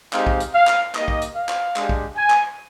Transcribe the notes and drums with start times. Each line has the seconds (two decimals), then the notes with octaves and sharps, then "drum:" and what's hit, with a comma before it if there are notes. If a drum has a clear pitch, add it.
0.13 G#3 C4 D#4 G4 F5, drum: clap
0.27 drum: kick
0.40 drum: hi-hat
0.54 F5
0.67 drum: clap
0.95 A#3 D#4 G4 D#5, drum: clap
1.08 drum: kick
1.22 drum: hi-hat
1.35 F5
1.49 drum: clap
1.76 G#3 D4 G4, drum: clap
1.89 drum: kick
2.17 G#5
2.30 drum: clap